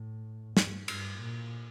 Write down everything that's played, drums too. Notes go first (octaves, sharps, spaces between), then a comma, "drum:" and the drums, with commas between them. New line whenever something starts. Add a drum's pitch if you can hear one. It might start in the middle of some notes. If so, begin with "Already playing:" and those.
Already playing: A2
G2, drum: snare
G2, drum: cymbal
A#2